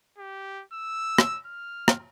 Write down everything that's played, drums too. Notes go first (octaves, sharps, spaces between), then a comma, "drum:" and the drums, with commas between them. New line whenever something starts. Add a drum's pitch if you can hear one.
G4
E6
drum: rim click
F6
drum: rim click